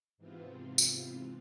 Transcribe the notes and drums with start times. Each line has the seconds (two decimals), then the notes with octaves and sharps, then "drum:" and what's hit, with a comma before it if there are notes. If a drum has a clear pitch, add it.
0.18 G#2 C3 E3 B3 C4 F4
0.78 drum: tambourine